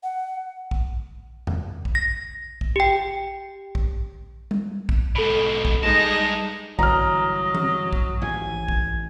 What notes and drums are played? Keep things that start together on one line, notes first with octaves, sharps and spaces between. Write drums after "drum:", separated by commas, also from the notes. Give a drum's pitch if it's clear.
F#5
drum: kick A#1
drum: tom E2
drum: kick A#1
A#6
drum: kick A#1
G4 G5
drum: kick A#1
drum: tom G3
drum: kick A#1
G#2 B2 A4 B5
drum: kick A#1
G2 G#3 D#4 A5 A#6
G1 E3 F#3 D#5 A#5 F6, drum: kick A#1
drum: tom E3
drum: kick A#1
A1 D#2 G#2 G#5
drum: kick A#1